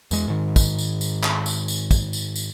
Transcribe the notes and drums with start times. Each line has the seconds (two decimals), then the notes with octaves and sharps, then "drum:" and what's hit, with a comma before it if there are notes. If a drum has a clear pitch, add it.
0.11 E2 G#3, drum: tambourine
0.28 G#2 D#3
0.56 drum: kick, tambourine
0.78 drum: tambourine
1.01 drum: tambourine
1.23 drum: clap
1.46 drum: tambourine
1.68 drum: tambourine
1.91 drum: kick, tambourine
2.13 drum: tambourine
2.36 drum: tambourine